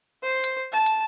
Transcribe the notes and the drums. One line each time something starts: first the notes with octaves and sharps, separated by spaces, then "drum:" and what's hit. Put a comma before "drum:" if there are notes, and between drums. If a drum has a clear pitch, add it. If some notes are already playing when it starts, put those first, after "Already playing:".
C5
drum: hi-hat
A5
drum: hi-hat